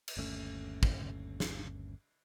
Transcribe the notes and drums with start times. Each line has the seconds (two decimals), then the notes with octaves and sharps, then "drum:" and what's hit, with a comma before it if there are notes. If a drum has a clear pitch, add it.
0.08 drum: cymbal
0.17 G1 D#2 A3 C#4
0.83 drum: kick
1.40 drum: snare